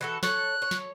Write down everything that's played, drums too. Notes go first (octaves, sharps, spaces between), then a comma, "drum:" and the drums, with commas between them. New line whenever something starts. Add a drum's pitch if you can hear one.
E3 F#4 A4
A4 C#5 F#6, drum: snare
C#5
drum: snare